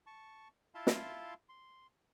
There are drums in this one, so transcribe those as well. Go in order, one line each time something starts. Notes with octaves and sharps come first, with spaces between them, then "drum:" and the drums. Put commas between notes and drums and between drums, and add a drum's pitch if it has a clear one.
A5 C#6
E4 F4 E5 F5 A5 C6
drum: snare
C6